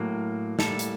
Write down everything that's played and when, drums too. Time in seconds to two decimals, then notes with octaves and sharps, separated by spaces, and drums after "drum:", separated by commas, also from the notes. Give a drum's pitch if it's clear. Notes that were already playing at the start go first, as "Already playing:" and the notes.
Already playing: A2 F#3 A#3
0.59 A2 G3 A#3 A4, drum: snare
0.79 drum: hi-hat